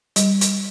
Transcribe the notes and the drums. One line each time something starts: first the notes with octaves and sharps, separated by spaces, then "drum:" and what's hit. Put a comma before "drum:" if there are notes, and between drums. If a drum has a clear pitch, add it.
G3, drum: hi-hat
drum: hi-hat